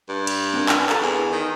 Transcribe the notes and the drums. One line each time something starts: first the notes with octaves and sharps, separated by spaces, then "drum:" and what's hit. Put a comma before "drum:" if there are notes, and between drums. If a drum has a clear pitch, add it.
G2
drum: cymbal
C4 D4 A#4
drum: clap
A4, drum: clap
E2 G#5 A#5
D#3